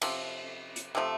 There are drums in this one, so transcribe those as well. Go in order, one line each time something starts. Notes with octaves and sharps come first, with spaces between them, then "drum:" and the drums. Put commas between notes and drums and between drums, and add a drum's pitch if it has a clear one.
C3 F3, drum: cymbal
drum: hi-hat
C3 F3 A3